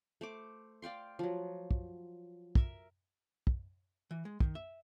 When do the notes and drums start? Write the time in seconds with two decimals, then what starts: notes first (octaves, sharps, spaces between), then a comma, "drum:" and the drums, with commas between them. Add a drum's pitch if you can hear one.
0.21 A3 C5 D6
0.82 D5 F5 G5 C6
1.19 F3 F#3
1.71 drum: kick
2.55 A#4 E5, drum: kick
3.47 drum: kick
4.11 E3
4.25 G#3
4.40 D#3, drum: kick
4.55 E5